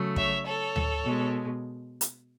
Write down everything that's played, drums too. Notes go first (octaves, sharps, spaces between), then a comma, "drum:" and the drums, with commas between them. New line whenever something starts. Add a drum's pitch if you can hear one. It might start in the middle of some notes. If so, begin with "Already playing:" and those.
Already playing: C#3 F#3 A3
C#5 E5, drum: kick
A4 C#5
drum: tom D2
B2 G#3
drum: hi-hat